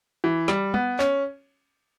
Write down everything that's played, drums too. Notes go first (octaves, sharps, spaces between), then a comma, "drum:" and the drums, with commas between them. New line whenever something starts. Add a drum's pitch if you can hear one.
E3
G3, drum: snare
B3, drum: tom
C#4, drum: clap